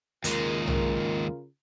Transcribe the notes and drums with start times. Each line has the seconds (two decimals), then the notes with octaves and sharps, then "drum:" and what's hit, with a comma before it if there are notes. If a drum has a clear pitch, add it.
0.24 D#2 C#3 G#3 F4 A#4, drum: hi-hat
0.68 drum: tom B1